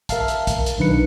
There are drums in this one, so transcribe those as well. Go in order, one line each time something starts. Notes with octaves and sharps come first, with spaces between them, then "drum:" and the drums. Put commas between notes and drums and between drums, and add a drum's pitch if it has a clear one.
A#4 E5 F5 A5, drum: kick, hi-hat
drum: hi-hat
drum: kick, hi-hat
drum: hi-hat
B1 D#3 D4 D#4 B4 C#7